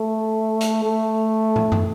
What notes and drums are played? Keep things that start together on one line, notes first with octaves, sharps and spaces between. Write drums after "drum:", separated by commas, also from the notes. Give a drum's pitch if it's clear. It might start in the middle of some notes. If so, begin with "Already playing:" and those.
Already playing: A3
drum: hi-hat
A3
drum: tom
drum: tom